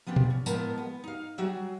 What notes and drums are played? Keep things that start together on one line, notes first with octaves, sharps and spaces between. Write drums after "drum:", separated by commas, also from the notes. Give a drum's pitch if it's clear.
F3 B3 C4 D4
drum: tom A#2
C#4
A2 F3 G#3 B3 A#4 A5, drum: tambourine
B3
D#4 F5
F#3 G3 F#4 G#4 E5